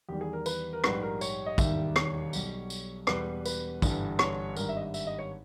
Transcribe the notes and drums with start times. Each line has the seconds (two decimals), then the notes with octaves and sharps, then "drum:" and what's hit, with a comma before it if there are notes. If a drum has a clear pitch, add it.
0.09 E2 D#3 G3 G4
0.21 G#4
0.33 A#4
0.46 B4, drum: tambourine
0.73 A#4
0.84 A#1 G#2 G3 B4, drum: rim click
1.02 A#4
1.21 C#5, drum: tambourine
1.46 D#5
1.58 E1 D#2 D#3 G3 E5, drum: kick, tambourine
1.96 C#5, drum: rim click
2.33 B1 B2 G3, drum: tambourine
2.70 drum: tambourine
3.07 E1 E2 B2 G3 B4, drum: rim click
3.45 B4, drum: tambourine
3.82 G1 G2 E3 G3, drum: kick, tambourine
4.19 C#5, drum: rim click
4.56 G#1 G2 G3 A#4, drum: tambourine
4.69 E5
4.76 D#5
4.82 E5
4.94 E5, drum: tambourine
5.07 D#5
5.19 C#5